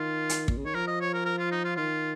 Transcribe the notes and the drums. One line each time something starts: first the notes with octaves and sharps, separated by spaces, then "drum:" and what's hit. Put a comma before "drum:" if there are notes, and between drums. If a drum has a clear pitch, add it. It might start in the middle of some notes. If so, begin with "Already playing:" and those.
Already playing: D#3 F4
drum: hi-hat
A#2, drum: kick
C#3
D#3 C#5
F3 A#4
D#5
C#5
A#4
A#4
F4
D#4
F4
D#3 F4